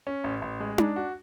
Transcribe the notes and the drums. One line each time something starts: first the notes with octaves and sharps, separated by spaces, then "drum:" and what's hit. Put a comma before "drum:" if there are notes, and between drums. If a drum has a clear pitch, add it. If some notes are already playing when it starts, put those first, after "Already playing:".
C#4
A1
A1
G#3
D4, drum: tom D#4
F#4